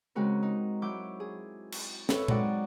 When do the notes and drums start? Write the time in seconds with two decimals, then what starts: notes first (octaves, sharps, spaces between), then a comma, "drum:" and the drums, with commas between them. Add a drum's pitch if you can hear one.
0.15 C#3 G#3 C4 F#4 A#4
0.42 D#4
0.82 F#3 E4 D6 G6
1.20 G#4
1.72 drum: cymbal
2.09 A4 B4 C#5 E5, drum: snare
2.28 F#3 G#3 C4 D#4 D5 F#5, drum: tom A#2